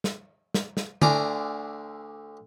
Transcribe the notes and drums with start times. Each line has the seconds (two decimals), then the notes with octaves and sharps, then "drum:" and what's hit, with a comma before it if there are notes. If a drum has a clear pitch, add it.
0.04 drum: snare
0.54 drum: snare
0.77 drum: snare
1.02 D2 D3 G#5 A#5 D6, drum: tom D3